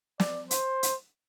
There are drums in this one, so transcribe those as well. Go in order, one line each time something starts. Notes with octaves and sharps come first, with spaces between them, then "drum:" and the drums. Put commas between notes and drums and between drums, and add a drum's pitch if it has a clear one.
D5, drum: snare
C5, drum: hi-hat
drum: hi-hat